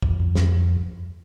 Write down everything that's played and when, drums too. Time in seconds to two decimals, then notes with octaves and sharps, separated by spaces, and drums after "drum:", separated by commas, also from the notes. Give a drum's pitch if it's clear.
0.02 F2, drum: kick
0.20 F2
0.35 drum: snare